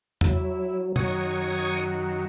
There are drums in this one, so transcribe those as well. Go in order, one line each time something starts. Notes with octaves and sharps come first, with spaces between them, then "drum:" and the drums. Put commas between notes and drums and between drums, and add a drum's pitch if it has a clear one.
F#3 E4, drum: tom E2
F#2 D#3 F#3 C#5 C#6 D#6, drum: tom B2